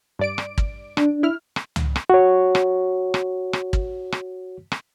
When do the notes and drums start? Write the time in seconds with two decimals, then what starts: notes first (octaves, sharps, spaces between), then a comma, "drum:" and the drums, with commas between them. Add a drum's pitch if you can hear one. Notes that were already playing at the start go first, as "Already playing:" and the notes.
0.19 G2 D5 D7
0.38 drum: rim click
0.58 drum: kick
0.97 D4, drum: rim click
1.23 E4 F6
1.56 drum: rim click
1.76 drum: tom
1.96 drum: rim click
2.10 F#4 C#5
2.55 drum: rim click
3.14 drum: rim click
3.53 drum: rim click
3.73 drum: kick
4.12 drum: rim click
4.72 drum: rim click